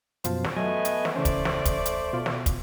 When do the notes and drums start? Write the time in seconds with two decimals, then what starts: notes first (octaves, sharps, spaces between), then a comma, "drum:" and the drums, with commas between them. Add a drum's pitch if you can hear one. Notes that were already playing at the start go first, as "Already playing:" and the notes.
0.24 F#2 B2 F3 C5 F5 A5, drum: hi-hat
0.44 drum: snare
0.56 F#3 A3 B3 D#5 G#5
0.85 drum: hi-hat
1.05 drum: snare
1.16 C#3 E3 A3 C#4 C5 D5
1.25 drum: kick, hi-hat
1.45 drum: snare
1.65 drum: kick, hi-hat
1.86 drum: hi-hat
2.13 B2 F4
2.26 drum: snare
2.46 drum: kick, hi-hat